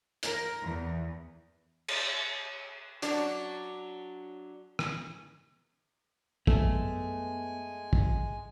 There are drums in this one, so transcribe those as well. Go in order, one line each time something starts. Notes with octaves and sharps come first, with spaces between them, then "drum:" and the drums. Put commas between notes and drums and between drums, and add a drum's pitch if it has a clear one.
A#4, drum: hi-hat
E2
drum: cymbal
F#3 D4 F#4, drum: hi-hat
drum: rim click
F#2 G#3 A3 B3 G#5, drum: kick
drum: kick